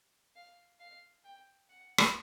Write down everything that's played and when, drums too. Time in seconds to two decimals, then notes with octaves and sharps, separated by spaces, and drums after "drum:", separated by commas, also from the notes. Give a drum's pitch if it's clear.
0.36 F5
0.80 F5
1.25 G5
1.69 F#5
1.98 drum: rim click